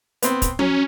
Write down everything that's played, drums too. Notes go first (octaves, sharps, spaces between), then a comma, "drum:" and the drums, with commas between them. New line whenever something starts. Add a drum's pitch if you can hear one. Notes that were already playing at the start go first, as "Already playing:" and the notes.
B3 C4, drum: hi-hat
drum: kick, hi-hat
F#3 C#4, drum: tom